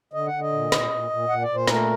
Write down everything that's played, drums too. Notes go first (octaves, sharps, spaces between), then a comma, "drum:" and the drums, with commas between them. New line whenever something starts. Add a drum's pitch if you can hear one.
D3 D#5
F#5
D3
D#5
A#2
A#2, drum: snare
A#2
A#2
A#2 F#5
D5
A#2
C5
A3 A#4, drum: snare